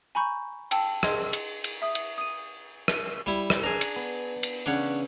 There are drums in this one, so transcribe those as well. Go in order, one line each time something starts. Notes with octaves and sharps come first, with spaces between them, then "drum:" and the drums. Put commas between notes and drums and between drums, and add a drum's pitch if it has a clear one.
G#5 A#5 B5 C#6 G6
G5 A5 E6, drum: cymbal
G#4 D#5 C6 G#6, drum: rim click
drum: cymbal
drum: cymbal
E5 D#6
drum: cymbal
D#6 D#7
drum: rim click
G3 E4
drum: rim click
D4 G#4 A#5
drum: cymbal
B3
drum: cymbal
C#3 E3 C#4 D4 C#5 F#5